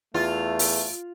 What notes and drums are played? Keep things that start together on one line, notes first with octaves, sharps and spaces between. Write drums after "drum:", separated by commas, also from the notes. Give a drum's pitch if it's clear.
E2 A3 F4
drum: open hi-hat